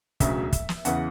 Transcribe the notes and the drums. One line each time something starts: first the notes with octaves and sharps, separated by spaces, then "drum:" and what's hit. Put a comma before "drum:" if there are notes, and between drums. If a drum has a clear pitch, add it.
E1 D2 C#3 F#3 E5, drum: kick, hi-hat
drum: kick, hi-hat
drum: snare
E2 C#3 E3 F#5, drum: hi-hat